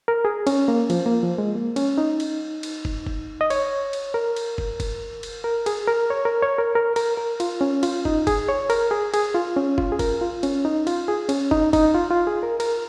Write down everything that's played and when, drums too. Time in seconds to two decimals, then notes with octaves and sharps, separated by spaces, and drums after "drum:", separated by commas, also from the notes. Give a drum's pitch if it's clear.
0.08 A#4
0.25 G#4
0.47 C#4, drum: cymbal
0.68 A#3
0.90 F3, drum: cymbal
1.06 A#3
1.23 F3
1.38 G#3
1.55 A#3
1.76 C#4, drum: cymbal
1.98 D#4
2.20 drum: cymbal
2.63 drum: cymbal
2.85 drum: kick
3.07 drum: kick
3.41 D#5
3.50 C#5, drum: cymbal
3.93 drum: cymbal
4.14 A#4
4.36 drum: cymbal
4.58 drum: kick
4.80 drum: kick, cymbal
5.23 drum: cymbal
5.44 A#4
5.66 G#4, drum: cymbal
5.87 A#4
6.10 C#5
6.25 A#4
6.43 C#5
6.58 A#4
6.75 A#4
6.96 A#4, drum: cymbal
7.17 A#4
7.40 F4, drum: cymbal
7.61 C#4
7.83 F4, drum: cymbal
8.05 D#4, drum: kick
8.27 G#4, drum: kick, cymbal
8.49 C#5
8.70 A#4, drum: cymbal
8.91 G#4
9.14 G#4, drum: cymbal
9.34 F4
9.57 C#4
9.78 F4, drum: kick
9.92 G#4
9.99 A#4, drum: kick, cymbal
10.21 F4
10.43 C#4, drum: cymbal
10.65 D#4
10.87 F4, drum: cymbal
11.08 G#4
11.29 C#4, drum: cymbal
11.51 D#4, drum: kick
11.73 D#4, drum: kick, cymbal
11.94 F4
12.11 F4
12.27 G#4
12.43 A#4
12.60 A#4, drum: cymbal